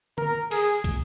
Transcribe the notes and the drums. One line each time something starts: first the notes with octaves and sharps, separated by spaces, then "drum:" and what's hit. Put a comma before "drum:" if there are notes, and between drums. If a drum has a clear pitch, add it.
A#4, drum: tom
G#4, drum: open hi-hat
drum: kick, hi-hat